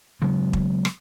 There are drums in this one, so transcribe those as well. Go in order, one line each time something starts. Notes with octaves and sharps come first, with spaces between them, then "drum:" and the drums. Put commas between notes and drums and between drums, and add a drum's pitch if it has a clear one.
C#3 F#3 G#3 B3
drum: kick
drum: rim click